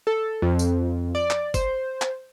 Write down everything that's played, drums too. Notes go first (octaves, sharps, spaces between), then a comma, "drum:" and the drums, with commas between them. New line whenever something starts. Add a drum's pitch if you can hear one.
A4
F2
drum: tambourine
D5
drum: clap
C5, drum: kick, tambourine
drum: clap